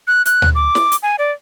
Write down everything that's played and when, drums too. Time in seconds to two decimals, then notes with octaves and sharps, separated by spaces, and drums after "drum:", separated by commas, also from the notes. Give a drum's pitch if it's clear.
0.07 F#6
0.25 F#6, drum: hi-hat
0.42 drum: tom
0.55 D6
0.75 drum: snare
0.92 drum: hi-hat
1.03 G#5
1.19 D5